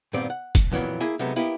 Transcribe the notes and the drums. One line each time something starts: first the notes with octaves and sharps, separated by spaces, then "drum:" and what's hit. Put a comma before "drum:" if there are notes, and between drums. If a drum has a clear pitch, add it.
G2 A#2 D#3 B3 C4 D5
F#5
drum: kick, hi-hat
F2 A#2 E3 F#3 B3
A#3 E4 G#4 G#5
C3 F#3 G#3 B3 D#4 A4
A#3 B3 E4 G4 D#5